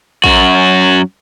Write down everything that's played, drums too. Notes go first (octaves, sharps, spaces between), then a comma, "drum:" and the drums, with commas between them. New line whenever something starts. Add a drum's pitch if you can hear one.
F#2 F#4, drum: kick